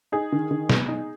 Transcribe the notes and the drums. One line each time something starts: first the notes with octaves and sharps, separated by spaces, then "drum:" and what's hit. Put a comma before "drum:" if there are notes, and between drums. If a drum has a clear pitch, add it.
D#4 G#4
D#3
D#3
B3, drum: snare
D#4